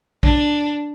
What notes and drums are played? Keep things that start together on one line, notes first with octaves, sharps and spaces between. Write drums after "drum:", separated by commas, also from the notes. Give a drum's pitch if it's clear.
D4, drum: kick